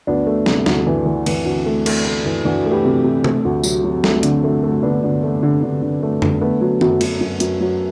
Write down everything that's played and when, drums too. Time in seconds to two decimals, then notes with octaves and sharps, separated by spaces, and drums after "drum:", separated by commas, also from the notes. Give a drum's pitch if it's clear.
0.07 D2 B3 D4
0.27 A3
0.46 C3, drum: snare
0.66 D2, drum: snare
0.87 E3
1.06 E3
1.26 E3, drum: cymbal
1.46 D2
1.66 A3
1.86 A3, drum: cymbal
2.05 A3
2.26 E3
2.45 E3 D4 F#4
2.66 A3
2.71 G4 B4
2.85 C3
3.04 C3
3.24 A3, drum: tom C3
3.45 D2
3.64 F#3, drum: tambourine
3.84 F#3
4.04 A3, drum: snare
4.23 D3, drum: hi-hat
4.44 A3
4.63 A3
4.83 D3 B3 D4
5.04 D3
5.23 A3
5.43 D3
5.63 D3
5.82 D3
6.03 A3
6.22 D3, drum: tom F2
6.41 A3 B3
6.61 F#3
6.81 F#2, drum: tom D#3
7.01 F#3, drum: cymbal
7.21 F#2
7.40 F#2, drum: hi-hat
7.61 F#3